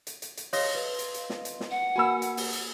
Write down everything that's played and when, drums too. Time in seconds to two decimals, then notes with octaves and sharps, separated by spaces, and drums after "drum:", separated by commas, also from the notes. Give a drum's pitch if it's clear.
0.07 drum: hi-hat
0.22 drum: hi-hat
0.37 drum: hi-hat
0.53 C#5 D#5 F5 C6 D#6 A#6, drum: open hi-hat
0.75 B4
0.99 drum: hi-hat
1.14 drum: hi-hat
1.30 drum: snare
1.45 drum: hi-hat
1.60 drum: snare
1.71 F#5
1.96 A#3 F#4 G#5 B5 E6
2.22 drum: hi-hat
2.37 drum: open hi-hat
2.53 drum: hi-hat